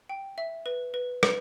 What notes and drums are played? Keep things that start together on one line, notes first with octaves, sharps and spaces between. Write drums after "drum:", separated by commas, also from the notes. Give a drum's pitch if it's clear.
G5
E5
B4
B4
B4, drum: rim click